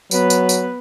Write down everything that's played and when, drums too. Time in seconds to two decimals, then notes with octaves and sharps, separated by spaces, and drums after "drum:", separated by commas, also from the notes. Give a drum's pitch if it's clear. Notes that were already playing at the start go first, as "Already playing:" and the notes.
0.11 F#3 B3 B4, drum: tambourine
0.30 drum: tambourine
0.49 drum: tambourine